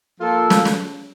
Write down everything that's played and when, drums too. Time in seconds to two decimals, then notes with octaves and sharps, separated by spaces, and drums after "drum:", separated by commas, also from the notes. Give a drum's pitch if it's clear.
0.20 F3 A#3 F4 A4
0.50 drum: snare
0.65 drum: snare